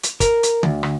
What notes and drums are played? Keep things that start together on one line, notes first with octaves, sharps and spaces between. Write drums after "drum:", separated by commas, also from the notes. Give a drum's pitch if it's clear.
drum: hi-hat
A#4, drum: kick, hi-hat
drum: hi-hat
D2, drum: tom D3
drum: rim click